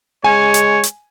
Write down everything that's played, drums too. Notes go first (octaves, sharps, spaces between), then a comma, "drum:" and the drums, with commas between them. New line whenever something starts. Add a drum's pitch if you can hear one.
G#3 C#5 G#5
drum: hi-hat
drum: hi-hat